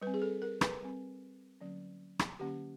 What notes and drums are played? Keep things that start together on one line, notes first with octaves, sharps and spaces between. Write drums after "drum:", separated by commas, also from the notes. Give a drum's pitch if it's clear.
G3 B4
C4
G#4
A4
A#4
B4, drum: rim click
G3 C4
D3 F#3 A#3 C#4
drum: rim click
D3 F#3 A#3 C#4 G4